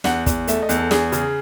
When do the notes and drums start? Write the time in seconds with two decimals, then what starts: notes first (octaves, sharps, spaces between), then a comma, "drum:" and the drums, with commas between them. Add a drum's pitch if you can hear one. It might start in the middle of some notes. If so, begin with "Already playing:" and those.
0.04 E2 F#5, drum: snare
0.26 E2, drum: kick, hi-hat
0.47 A3 E5, drum: hi-hat
0.62 D#5
0.69 E2, drum: hi-hat
0.77 A4
0.91 E2 G#4, drum: snare
1.12 C#3, drum: hi-hat